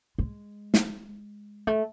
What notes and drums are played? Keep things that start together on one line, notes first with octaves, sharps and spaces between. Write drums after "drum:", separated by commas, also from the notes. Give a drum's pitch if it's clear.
G#3
drum: snare
A3